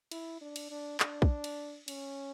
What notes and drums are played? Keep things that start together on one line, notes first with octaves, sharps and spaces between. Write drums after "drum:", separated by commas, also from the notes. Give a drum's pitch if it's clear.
E4, drum: cymbal
D4
drum: cymbal
D4
D4, drum: clap
drum: kick
drum: cymbal
C#4, drum: cymbal